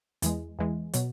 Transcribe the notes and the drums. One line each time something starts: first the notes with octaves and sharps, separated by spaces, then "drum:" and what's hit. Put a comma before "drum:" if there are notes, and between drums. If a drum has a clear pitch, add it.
E2 E3 G#3, drum: hi-hat
E2 E3 G#3
B2 F#3, drum: hi-hat